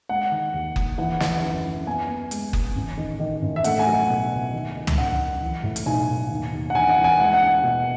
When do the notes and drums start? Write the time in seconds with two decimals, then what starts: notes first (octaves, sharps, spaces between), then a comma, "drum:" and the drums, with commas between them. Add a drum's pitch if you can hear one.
0.09 G#3 F#5
0.32 D#3
0.54 D#2
0.76 D#2, drum: kick F#1
0.98 E3 F#5
1.20 E3, drum: snare
1.43 F#2
1.64 F#2
1.87 B3 G#5
2.09 B3
2.31 G#3, drum: hi-hat
2.53 B3, drum: kick F#1
2.75 A1
2.97 D#3
3.20 D#3
3.42 A1
3.56 E5
3.64 A3 F#5, drum: hi-hat
3.79 G#5
3.87 F#3
3.94 F#5
4.09 B2
4.31 C#2
4.53 D#3
4.75 D#3
4.87 drum: tom
4.97 F#2 F#5
5.20 F#2
5.42 E3
5.63 A2
5.76 drum: hi-hat
5.86 B1 G#5
6.08 B1
6.31 D#2
6.52 D#2
6.70 F#5
6.75 E3 G#5
6.89 F#5
6.97 E3
7.04 G#5
7.19 G#3 F#5
7.34 F#5
7.41 C#4
7.63 B2